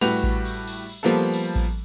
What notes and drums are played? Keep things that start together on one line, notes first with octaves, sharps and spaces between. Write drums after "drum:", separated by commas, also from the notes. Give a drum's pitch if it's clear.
A2 G3 F#4 G4 B4 F7, drum: cymbal
drum: kick A1
drum: cymbal
drum: cymbal
drum: cymbal
F3 G3 A#3 B3 A4
drum: cymbal
drum: kick A1, cymbal